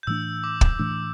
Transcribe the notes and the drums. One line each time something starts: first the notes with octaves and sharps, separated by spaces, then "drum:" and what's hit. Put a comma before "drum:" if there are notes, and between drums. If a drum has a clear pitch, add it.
G6
A2 E3 A3 D4 E6
D6
drum: kick
A2 E3 A3 D4 E6